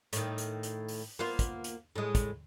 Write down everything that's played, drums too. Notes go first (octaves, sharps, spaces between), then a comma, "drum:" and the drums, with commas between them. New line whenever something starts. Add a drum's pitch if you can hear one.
A2 D#3, drum: hi-hat
drum: hi-hat
drum: hi-hat
drum: open hi-hat
A#3 B3 F4
drum: kick, hi-hat
drum: hi-hat
A2 G#3
drum: kick, hi-hat